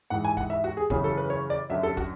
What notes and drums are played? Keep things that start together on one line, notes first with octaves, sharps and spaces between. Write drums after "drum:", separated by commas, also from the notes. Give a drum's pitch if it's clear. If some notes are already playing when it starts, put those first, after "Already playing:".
G#2 E3 F#5
G#5
F#5, drum: kick
E5
F#4
G#4
F#2 C#3 E3 G#4, drum: kick
A4
B4
C#5
D5
F#2 D3 E5
A4
F#4, drum: kick